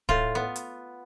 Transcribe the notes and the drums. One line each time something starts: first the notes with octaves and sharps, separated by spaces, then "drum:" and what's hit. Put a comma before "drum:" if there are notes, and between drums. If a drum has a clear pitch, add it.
A2 F4, drum: kick D1
B3
drum: hi-hat